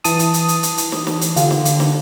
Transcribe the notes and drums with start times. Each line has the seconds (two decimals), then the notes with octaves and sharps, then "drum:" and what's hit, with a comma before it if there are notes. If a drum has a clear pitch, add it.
0.04 E3 A5 D#6, drum: hi-hat
0.19 drum: hi-hat
0.34 drum: hi-hat
0.48 drum: hi-hat
0.63 drum: hi-hat
0.78 drum: hi-hat
0.92 drum: snare
1.07 drum: snare
1.21 drum: hi-hat
1.36 D3 F4 G4, drum: hi-hat
1.51 drum: snare
1.65 drum: hi-hat
1.80 drum: snare